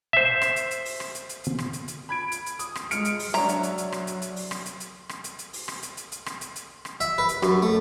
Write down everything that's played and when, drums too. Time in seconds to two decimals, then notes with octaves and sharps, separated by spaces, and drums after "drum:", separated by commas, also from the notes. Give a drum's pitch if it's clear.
0.13 C5 E5
0.42 drum: rim click
0.56 drum: hi-hat
0.71 drum: hi-hat
0.85 drum: open hi-hat
1.00 drum: rim click
1.15 drum: hi-hat
1.29 drum: hi-hat
1.44 drum: hi-hat
1.59 drum: rim click
1.73 drum: hi-hat
1.88 drum: hi-hat
2.09 B5 G#6 D7
2.32 drum: hi-hat
2.46 drum: hi-hat
2.59 D#6, drum: hi-hat
2.75 drum: rim click
2.91 G#3 F6 C#7 D7, drum: hi-hat
3.05 drum: hi-hat
3.19 drum: open hi-hat
3.34 F#3 D4 C#5 E5 A#5, drum: rim click
3.49 drum: hi-hat
3.63 drum: hi-hat
3.78 drum: hi-hat
3.92 drum: rim click
4.07 drum: hi-hat
4.22 drum: hi-hat
4.36 drum: open hi-hat
4.51 drum: rim click
4.66 drum: hi-hat
4.80 drum: hi-hat
5.09 drum: rim click
5.24 drum: hi-hat
5.39 drum: hi-hat
5.53 drum: open hi-hat
5.68 drum: rim click
5.83 drum: hi-hat
5.97 drum: hi-hat
6.12 drum: hi-hat
6.26 drum: rim click
6.41 drum: hi-hat
6.56 drum: hi-hat
6.85 drum: rim click
7.00 E5, drum: hi-hat
7.18 B4
7.29 drum: hi-hat
7.43 F#2, drum: rim click
7.62 A3